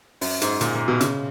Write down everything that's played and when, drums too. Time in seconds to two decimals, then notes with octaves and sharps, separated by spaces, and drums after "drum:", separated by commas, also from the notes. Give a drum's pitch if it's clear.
0.21 F#2, drum: open hi-hat
0.41 G#2, drum: hi-hat
0.61 A#2, drum: hi-hat
0.74 A#2
0.88 B2
1.01 C#3, drum: hi-hat